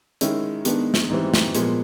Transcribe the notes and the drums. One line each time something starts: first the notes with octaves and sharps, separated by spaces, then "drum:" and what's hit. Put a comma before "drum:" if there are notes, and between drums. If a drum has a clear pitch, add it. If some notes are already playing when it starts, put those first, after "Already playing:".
D#3 G#3 C#4 E4, drum: hi-hat
D#3 G#3 B3 D4, drum: hi-hat
drum: snare
G#2 E3 G3 C4
drum: snare
A#2 F3 G#3 B3, drum: hi-hat